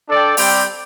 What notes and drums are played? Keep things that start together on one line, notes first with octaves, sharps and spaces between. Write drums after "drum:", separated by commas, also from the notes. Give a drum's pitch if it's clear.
D4 A4 D5 G5
G3 C4 G4 D5 G5, drum: open hi-hat